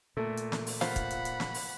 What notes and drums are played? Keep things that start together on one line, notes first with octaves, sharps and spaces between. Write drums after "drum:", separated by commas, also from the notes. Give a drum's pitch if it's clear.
A#2 A3
drum: hi-hat
drum: snare
drum: open hi-hat
F4 C5 F5 F#5 B5, drum: snare
drum: kick, hi-hat
drum: hi-hat
drum: hi-hat
drum: snare
drum: open hi-hat